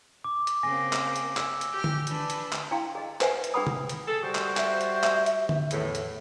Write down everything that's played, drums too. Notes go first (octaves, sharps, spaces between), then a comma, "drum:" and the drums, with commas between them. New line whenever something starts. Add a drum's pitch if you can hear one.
D6
drum: hi-hat
C#3 A#3 C4 G#5 A#6
drum: clap
drum: hi-hat
E6, drum: clap
drum: hi-hat
G4 G5 F6
drum: tom D3
D4 B4, drum: hi-hat
drum: hi-hat
drum: clap
D4 E4 F5 G5 C6
G#4 D#5
B4 C5 E5 F#5 G#5, drum: clap
drum: hi-hat
D4 G#4 B4 F#5 B5 D#6
drum: tom C3
drum: hi-hat
G#4 A4
G3 F#4 C5
drum: clap
E5, drum: clap
drum: hi-hat
drum: clap
drum: hi-hat
drum: tom D3
E2 A2, drum: hi-hat
drum: hi-hat